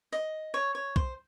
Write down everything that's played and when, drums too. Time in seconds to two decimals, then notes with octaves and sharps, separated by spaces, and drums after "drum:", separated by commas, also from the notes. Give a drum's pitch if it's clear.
0.12 D#5
0.54 C#5
0.75 C#5
0.96 C5, drum: kick B1